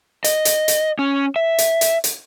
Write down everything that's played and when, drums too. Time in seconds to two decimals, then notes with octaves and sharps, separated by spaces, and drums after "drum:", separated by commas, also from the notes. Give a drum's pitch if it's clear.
0.24 D#5, drum: hi-hat
0.45 drum: hi-hat
0.68 drum: hi-hat
0.99 C#4
1.36 E5
1.58 drum: hi-hat
1.81 drum: hi-hat
2.04 drum: hi-hat